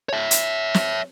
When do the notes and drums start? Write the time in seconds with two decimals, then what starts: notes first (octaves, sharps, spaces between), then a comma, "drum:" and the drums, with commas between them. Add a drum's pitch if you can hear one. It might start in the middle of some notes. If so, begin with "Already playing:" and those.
0.09 C#5 E5
0.31 drum: hi-hat
0.74 drum: snare